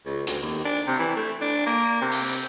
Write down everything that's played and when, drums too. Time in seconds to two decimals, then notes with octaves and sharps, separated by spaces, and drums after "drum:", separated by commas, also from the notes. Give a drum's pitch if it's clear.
0.06 C#2
0.27 D2, drum: hi-hat
0.42 D#2
0.65 D4
0.87 C3
0.99 E3
1.16 A3
1.41 D4
1.66 A#3
2.02 C3
2.12 drum: open hi-hat